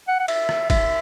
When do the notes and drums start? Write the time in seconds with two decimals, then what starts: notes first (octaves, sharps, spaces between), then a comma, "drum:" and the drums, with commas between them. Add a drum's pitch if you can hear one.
0.08 F#5
0.20 F#5
0.28 E5, drum: cymbal
0.49 drum: rim click
0.70 E5, drum: kick G#1, cymbal